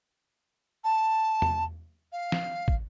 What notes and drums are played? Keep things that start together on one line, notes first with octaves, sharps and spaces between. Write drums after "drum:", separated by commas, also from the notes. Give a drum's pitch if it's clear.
A5
drum: tom E2
F5
drum: snare
drum: kick